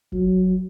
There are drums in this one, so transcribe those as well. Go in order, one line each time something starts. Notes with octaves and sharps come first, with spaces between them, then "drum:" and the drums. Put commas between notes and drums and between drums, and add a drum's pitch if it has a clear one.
F#3, drum: kick